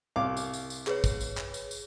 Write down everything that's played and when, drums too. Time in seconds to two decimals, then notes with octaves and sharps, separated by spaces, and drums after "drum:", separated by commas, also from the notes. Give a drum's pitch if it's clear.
0.16 C2 F5 D6
0.37 drum: tambourine
0.53 drum: tambourine
0.70 drum: tambourine
0.87 G#4 B4 C#5, drum: clap
1.04 drum: kick, tambourine
1.21 drum: tambourine
1.37 drum: clap
1.54 drum: tambourine
1.71 drum: tambourine